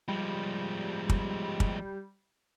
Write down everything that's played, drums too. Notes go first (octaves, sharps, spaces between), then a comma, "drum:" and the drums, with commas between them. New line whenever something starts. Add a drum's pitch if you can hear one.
F3 G3 G#3
drum: kick
drum: kick